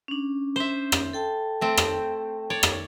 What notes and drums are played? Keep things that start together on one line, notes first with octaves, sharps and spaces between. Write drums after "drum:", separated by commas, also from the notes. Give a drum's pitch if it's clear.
C#4 D4
C5 E5
drum: rim click
A4 G5 A5
A3 C4
drum: rim click
C#5 D5
drum: rim click